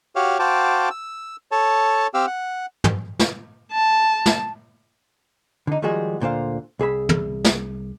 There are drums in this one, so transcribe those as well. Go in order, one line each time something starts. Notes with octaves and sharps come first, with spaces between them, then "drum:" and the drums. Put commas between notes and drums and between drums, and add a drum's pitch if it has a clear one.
F#4 G4 C#5 F5
F#4 C5 F5 G5 A5 D6
E6
A4 C#5 A5
C4 G4 F5 E6
F#5
drum: tom
drum: snare
A5
drum: snare
D3 D#4
D#3 F3 G3 G#3 F#4 G#4
D2 A#2 D3 C5 F5
C2 G#4 E5 B5
drum: tom
drum: snare